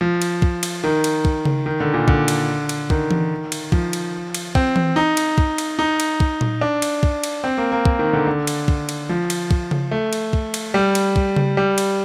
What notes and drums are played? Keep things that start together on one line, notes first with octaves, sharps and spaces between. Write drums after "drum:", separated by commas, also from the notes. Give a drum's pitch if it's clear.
F3
drum: cymbal
drum: kick
drum: cymbal
D#3
drum: cymbal
drum: kick
drum: tom C#3
D#3
D3
A#2
D3, drum: kick
drum: cymbal
drum: cymbal
D#3, drum: kick
drum: tom E3
drum: cymbal
F3, drum: kick
drum: cymbal
drum: cymbal
C4, drum: kick
drum: tom E3
D#4
drum: cymbal
drum: kick
drum: cymbal
D#4
drum: cymbal
drum: kick
drum: tom A#2
D4
drum: cymbal
drum: kick
drum: cymbal
C4
A#3
A#3
drum: kick
D#3
D3
D3
drum: cymbal
drum: kick
drum: cymbal
F3
drum: cymbal
drum: kick
drum: tom C#3
A3
drum: cymbal
drum: kick
drum: cymbal
G3
drum: cymbal
drum: kick
drum: tom C#3
G3
drum: cymbal